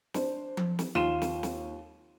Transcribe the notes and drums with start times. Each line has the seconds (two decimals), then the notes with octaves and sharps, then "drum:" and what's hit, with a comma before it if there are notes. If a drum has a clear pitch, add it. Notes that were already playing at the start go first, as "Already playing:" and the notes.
0.14 D4 C5, drum: snare
0.57 drum: tom F3
0.79 drum: snare
0.95 D#2 F4 D#7 E7
1.22 drum: snare
1.43 drum: snare